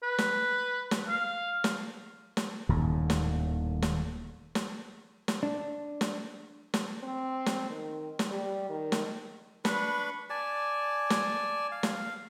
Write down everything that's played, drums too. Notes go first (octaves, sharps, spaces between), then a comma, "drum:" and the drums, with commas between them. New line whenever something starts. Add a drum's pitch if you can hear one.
B4
drum: snare
drum: snare
F5
drum: snare
drum: snare
D#1 D#2 A2
drum: snare
drum: snare
drum: snare
drum: snare
D4
drum: snare
drum: snare
C4
drum: snare
D#3
drum: snare
G3
D#3
drum: snare
D4 B4 B5 C#6, drum: snare
D5 G#5 A5
drum: snare
F5
drum: snare